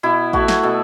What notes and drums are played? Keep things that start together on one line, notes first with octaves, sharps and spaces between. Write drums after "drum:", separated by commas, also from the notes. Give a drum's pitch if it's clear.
B2 E4
A3 F#4, drum: kick A1
drum: snare
B2 A4